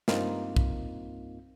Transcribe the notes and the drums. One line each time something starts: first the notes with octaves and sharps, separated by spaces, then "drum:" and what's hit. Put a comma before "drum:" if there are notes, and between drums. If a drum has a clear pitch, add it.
G2 A#3 C4 D#4 F4, drum: snare
drum: kick